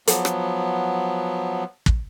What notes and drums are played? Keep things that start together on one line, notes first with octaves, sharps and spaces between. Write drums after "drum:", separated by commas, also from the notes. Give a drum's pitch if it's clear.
F3 F#3 B3, drum: hi-hat
drum: rim click
drum: kick